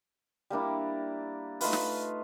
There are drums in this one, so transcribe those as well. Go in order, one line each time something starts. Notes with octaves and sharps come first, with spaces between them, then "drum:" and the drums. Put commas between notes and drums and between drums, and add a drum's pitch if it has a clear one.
G3 A#3 D4 E4
A3 D#4 F4 B4, drum: open hi-hat
drum: snare